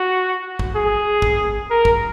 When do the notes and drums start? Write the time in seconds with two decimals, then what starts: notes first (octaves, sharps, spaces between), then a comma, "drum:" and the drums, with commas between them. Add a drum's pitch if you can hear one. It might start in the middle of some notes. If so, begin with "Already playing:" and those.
Already playing: F#4
0.59 drum: kick
0.75 G#4
1.22 drum: kick
1.70 A#4
1.85 drum: kick